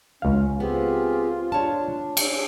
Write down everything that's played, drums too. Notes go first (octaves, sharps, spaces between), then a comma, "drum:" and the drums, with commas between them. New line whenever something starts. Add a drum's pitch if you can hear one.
C#2 C#4 F5
B3 C4 F4 G4 G#4
D4 C#5 A5
drum: cymbal